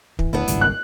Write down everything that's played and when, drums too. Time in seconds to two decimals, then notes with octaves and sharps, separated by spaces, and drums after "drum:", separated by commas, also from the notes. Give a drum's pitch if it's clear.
0.19 E3, drum: kick
0.33 D2 B3 D4 E4
0.48 G#1 C#2 G2, drum: hi-hat
0.61 F#6